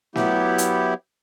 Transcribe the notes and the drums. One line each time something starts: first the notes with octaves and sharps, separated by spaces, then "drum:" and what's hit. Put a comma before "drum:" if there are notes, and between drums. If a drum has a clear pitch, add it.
F#3 B3 E4 G4, drum: snare
drum: hi-hat